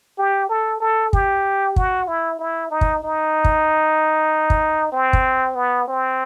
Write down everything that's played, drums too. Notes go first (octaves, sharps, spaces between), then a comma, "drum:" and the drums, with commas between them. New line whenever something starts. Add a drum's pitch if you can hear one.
G4
A4
A4
G4, drum: kick
F#4, drum: kick
E4
E4
D#4
drum: kick
D#4
drum: kick
drum: kick
C4
drum: kick
B3
C4